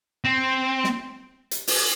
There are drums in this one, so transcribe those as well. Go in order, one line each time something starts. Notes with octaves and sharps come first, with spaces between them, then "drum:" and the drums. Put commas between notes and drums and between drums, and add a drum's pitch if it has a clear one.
C4
drum: snare
drum: hi-hat
drum: open hi-hat